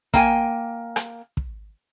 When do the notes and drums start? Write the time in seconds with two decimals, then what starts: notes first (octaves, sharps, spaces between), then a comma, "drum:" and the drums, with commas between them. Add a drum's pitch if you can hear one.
0.14 A#3 G5 G#5, drum: kick
0.96 drum: rim click
1.37 drum: kick